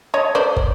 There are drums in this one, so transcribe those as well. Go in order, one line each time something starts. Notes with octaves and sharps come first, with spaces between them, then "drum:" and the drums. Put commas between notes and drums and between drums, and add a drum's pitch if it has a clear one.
C#5 D#5
C5 D5
drum: kick